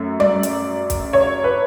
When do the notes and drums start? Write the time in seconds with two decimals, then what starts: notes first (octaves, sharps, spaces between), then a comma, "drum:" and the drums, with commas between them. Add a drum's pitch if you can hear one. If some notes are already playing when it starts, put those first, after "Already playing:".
Already playing: F#2 A3
0.20 D5, drum: tom G3
0.43 drum: hi-hat
0.90 drum: kick, hi-hat
1.13 C#5
1.44 B4